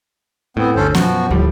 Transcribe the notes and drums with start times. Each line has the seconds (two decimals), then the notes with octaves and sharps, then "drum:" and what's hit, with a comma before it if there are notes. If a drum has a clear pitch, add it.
0.57 A2 B3 C4
0.76 G1 D2 C#4 A4 C5
0.95 F#2 B2 F3 F#4, drum: snare B3
1.30 D2 A2 F3 G3, drum: kick